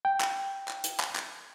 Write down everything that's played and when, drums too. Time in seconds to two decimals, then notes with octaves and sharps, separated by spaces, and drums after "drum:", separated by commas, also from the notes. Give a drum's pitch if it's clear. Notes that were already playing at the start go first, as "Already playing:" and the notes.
0.05 G5
0.21 drum: clap
0.68 drum: clap
0.84 drum: hi-hat
1.00 drum: clap
1.16 drum: clap